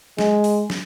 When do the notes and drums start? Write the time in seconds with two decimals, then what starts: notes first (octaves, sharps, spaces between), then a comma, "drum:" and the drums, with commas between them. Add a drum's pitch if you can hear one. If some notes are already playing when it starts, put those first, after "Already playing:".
0.19 G#3, drum: snare
0.44 drum: open hi-hat
0.70 drum: snare